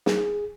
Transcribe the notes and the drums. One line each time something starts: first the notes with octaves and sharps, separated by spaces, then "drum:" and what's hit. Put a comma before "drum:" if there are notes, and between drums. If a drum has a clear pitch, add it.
G#4, drum: snare